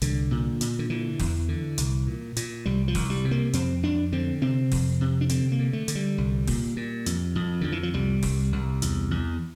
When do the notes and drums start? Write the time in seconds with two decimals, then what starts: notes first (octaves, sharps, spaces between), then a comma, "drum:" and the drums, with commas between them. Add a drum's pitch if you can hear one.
0.02 C2 D3, drum: hi-hat
0.31 A#2
0.61 A#2, drum: hi-hat
0.79 D3
0.90 D3 E3
1.19 E2, drum: kick, open hi-hat
1.49 D3
1.78 C2, drum: hi-hat
2.07 A#2
2.37 A#2, drum: hi-hat
2.66 C2 G3
2.88 F3
2.95 C2, drum: kick, open hi-hat
3.10 G3
3.25 C3
3.31 A#3
3.53 F2 C4, drum: hi-hat
3.83 F2 D4
4.12 D3 C4
4.41 C3 C4
4.72 F2, drum: kick, open hi-hat
5.01 C3
5.21 D4
5.29 D3 C4, drum: hi-hat
5.52 A#3
5.59 D3
5.73 A3
5.88 D3, drum: hi-hat
5.95 G3
6.18 C2
6.47 A#2, drum: kick, open hi-hat
6.76 A#2
7.06 F2, drum: hi-hat
7.35 F2
7.61 F2 D3
7.72 E3
7.83 F3
7.94 C2 G3
8.23 C2, drum: kick, open hi-hat
8.52 C2
8.82 E2, drum: hi-hat
9.11 E2